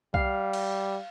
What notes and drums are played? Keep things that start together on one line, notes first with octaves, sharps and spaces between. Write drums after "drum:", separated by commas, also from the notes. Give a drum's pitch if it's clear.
G3 F5, drum: kick B1
drum: cymbal